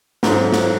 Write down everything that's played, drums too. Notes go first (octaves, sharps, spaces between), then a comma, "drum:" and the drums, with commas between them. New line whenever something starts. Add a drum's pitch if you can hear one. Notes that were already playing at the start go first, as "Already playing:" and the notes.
G#2 F#3 A3 C4, drum: snare
drum: snare